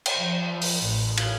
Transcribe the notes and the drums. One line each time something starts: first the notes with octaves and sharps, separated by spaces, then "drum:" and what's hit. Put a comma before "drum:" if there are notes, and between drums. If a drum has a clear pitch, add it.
drum: cymbal
F3
drum: open hi-hat
A1
drum: cymbal